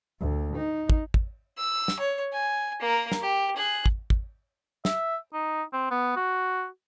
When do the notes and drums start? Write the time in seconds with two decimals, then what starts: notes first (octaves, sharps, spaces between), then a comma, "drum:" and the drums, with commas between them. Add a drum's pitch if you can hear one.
0.20 D2
0.57 D#4
0.90 drum: kick
1.14 drum: kick
1.57 E6
1.88 drum: snare
1.99 C#5
2.32 G#5
2.80 A#3 A#4
3.12 drum: snare
3.21 G4
3.56 G#4 F#6
3.86 drum: kick
4.10 drum: kick
4.85 E5, drum: snare
5.34 D#4
5.73 C4
5.91 B3
6.16 F#4